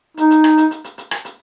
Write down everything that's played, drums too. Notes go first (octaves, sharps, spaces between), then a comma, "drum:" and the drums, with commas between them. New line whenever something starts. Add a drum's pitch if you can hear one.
D#4, drum: hi-hat
drum: hi-hat
drum: rim click
drum: hi-hat
drum: hi-hat
drum: hi-hat
drum: hi-hat
drum: rim click
drum: hi-hat